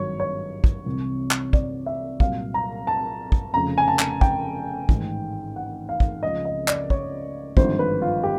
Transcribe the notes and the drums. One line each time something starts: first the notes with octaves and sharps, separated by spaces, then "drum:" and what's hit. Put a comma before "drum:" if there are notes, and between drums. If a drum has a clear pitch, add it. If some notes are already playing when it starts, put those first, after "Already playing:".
Already playing: G#1 G2 D#3 F#3 C#5
C#5
drum: kick
C2 C3 E3
drum: clap
D5, drum: kick
E5
C2 A#2 F#3 F5, drum: kick
A#5
A5
drum: kick
F1 F2 C#3 A#5
G#5
A5
drum: clap
G5, drum: kick
A1 G#2 D#3, drum: kick
F#5
F5
drum: kick
C#2 C#3 F3 D#5
D#5
D5, drum: clap
C#5, drum: kick
G#1 G2 D3 F3 C5, drum: kick
B4
F4
G4